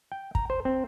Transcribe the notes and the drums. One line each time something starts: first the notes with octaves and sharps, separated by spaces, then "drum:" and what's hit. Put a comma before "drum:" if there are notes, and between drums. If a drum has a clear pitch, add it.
G5
A#5, drum: kick
C5
C4